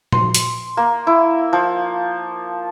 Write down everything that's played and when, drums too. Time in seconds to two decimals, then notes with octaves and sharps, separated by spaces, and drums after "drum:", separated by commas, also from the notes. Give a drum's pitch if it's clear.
0.12 C6, drum: tom A#2
0.34 drum: hi-hat
0.77 A#3
1.07 E4
1.53 F3